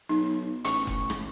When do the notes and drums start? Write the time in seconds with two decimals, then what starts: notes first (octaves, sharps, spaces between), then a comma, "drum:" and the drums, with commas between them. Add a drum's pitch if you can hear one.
0.09 B1 D#4
0.65 A1 C#6, drum: hi-hat
0.87 drum: kick F1
1.10 drum: rim click